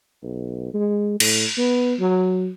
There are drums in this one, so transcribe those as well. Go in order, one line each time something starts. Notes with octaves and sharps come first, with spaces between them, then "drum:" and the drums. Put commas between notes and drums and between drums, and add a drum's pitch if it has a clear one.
B1
G#3
A2, drum: cymbal
B3
F#3